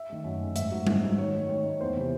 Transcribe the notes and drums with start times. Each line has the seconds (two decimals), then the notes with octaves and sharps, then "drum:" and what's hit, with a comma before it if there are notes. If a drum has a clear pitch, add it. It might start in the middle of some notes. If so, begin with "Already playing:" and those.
Already playing: E5
0.10 D#3 A3
0.24 F#2
0.41 D#3 A3
0.56 G#2 E5, drum: hi-hat
0.71 F#3 A3 D#4
0.87 G#2, drum: tom G3
1.03 F#3 A3 D#4
1.18 D#3 C#5
1.34 A3 D#4
1.49 D#3 C#5
1.65 A3 D#4
1.81 E2 C5
1.97 C3 E3